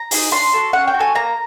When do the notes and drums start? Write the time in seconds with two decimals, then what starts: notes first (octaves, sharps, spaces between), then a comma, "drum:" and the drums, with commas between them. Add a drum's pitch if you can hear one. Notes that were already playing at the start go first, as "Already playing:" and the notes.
Already playing: A#5
0.11 D#4 G#4, drum: open hi-hat
0.32 D4 C6
0.53 F#4 A4
0.73 C#4 F#5
0.88 G5
0.94 F#4
0.99 A4 G#5
1.15 A#3 A#5